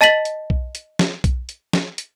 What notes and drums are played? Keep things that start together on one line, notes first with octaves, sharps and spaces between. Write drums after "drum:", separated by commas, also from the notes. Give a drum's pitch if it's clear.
D#5 A5 A6 B6 F#7
drum: hi-hat
drum: kick B1
drum: hi-hat
drum: snare
drum: kick B1, hi-hat
drum: hi-hat
drum: snare
drum: hi-hat